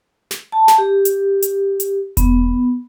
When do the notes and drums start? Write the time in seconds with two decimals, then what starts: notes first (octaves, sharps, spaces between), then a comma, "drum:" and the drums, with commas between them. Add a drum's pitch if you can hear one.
0.31 drum: snare
0.52 A5
0.68 drum: snare
0.78 G4
1.05 drum: hi-hat
1.42 drum: hi-hat
1.80 drum: hi-hat
2.17 B3, drum: kick E1, hi-hat